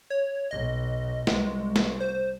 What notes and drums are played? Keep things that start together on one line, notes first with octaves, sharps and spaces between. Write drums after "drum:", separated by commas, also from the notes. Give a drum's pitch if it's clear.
C#5
B1 D#5
C2 G#3, drum: snare
drum: snare
C5